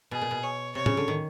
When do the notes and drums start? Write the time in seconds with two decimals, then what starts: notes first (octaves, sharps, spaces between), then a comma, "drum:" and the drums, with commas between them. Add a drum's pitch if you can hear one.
0.11 B2 G#4
0.21 A#2
0.31 B2
0.43 C#5
0.75 C3 C#5
0.86 C#3, drum: tom
0.97 D3
1.08 D#3